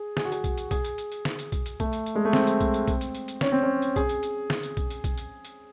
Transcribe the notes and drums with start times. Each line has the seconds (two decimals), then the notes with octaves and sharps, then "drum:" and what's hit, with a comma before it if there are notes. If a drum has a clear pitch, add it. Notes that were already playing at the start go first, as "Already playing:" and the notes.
Already playing: G#4
0.17 G#4, drum: snare
0.25 F#4
0.32 G#4, drum: hi-hat
0.44 drum: kick, hi-hat
0.58 drum: hi-hat
0.71 G#4, drum: kick, hi-hat
0.85 drum: hi-hat
0.98 drum: hi-hat
1.12 drum: hi-hat
1.25 drum: snare
1.39 drum: hi-hat
1.52 drum: kick, hi-hat
1.66 drum: hi-hat
1.80 A3, drum: kick, hi-hat
1.93 drum: hi-hat
2.06 drum: hi-hat
2.16 G#3
2.25 A3
2.33 C4, drum: snare
2.47 drum: hi-hat
2.61 drum: kick, hi-hat
2.74 drum: hi-hat
2.88 drum: kick, hi-hat
3.01 drum: hi-hat
3.15 drum: hi-hat
3.28 drum: hi-hat
3.41 C#4, drum: snare
3.52 C4
3.63 C#4
3.82 drum: hi-hat
3.96 G#4, drum: kick, hi-hat
4.09 drum: hi-hat
4.23 drum: hi-hat
4.50 drum: snare
4.63 drum: hi-hat
4.77 drum: kick, hi-hat
4.91 drum: hi-hat
5.04 drum: kick, hi-hat
5.18 drum: hi-hat
5.45 drum: hi-hat